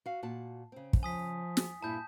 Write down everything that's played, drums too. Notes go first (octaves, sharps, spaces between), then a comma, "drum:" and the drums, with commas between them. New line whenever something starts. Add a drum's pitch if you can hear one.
F#4 F5
A#2 F#4 A5
C#3 C4
drum: kick
F3 G#5 D#6 B6
drum: snare
G2 A#2 G3 E4 A5 G6